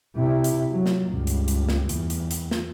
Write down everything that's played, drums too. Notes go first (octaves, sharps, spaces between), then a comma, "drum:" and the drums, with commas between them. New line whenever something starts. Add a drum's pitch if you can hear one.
C3 E4
drum: hi-hat
F#3
drum: snare
C#2 G2
drum: hi-hat
drum: hi-hat
drum: snare
E2, drum: hi-hat
drum: hi-hat
drum: hi-hat
drum: snare